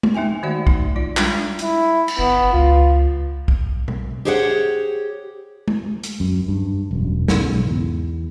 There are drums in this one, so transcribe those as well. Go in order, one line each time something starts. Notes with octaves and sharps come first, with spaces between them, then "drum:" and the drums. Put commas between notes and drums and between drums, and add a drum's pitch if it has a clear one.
drum: tom
A#3 D#4 E5 G5 G#5
D#3 A3 F#4 D5 E5
D#4, drum: kick
F4 D5
G3 G#3 D4 F4, drum: clap
E4, drum: hi-hat
drum: cymbal
G1 B3
C#2 F4
drum: kick
drum: tom B2
G4 G#4 C5 C#5 F5 F#5
drum: tom
drum: hi-hat
F#2
G2
E1 F#2
B1 G#2 C#3, drum: snare
E2